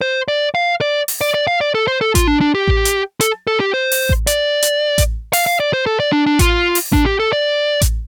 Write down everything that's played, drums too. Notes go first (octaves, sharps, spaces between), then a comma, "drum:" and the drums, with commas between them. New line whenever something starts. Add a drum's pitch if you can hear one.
C5
D5
F5
D5
drum: open hi-hat
D5
D5
F5
D5
A4
C5
A4
F4, drum: kick A1, hi-hat
D4
D4
G4
drum: kick A1
drum: hi-hat
A4, drum: hi-hat
A4
G4
C5
drum: open hi-hat
drum: kick A1
D5, drum: hi-hat
drum: hi-hat
drum: kick A1, hi-hat
F5, drum: open hi-hat
F5
D5
C5
A4
D5
D4
D4
F4, drum: kick A1, hi-hat
drum: open hi-hat
D4, drum: kick A1
G4
A4
D5
drum: kick A1, hi-hat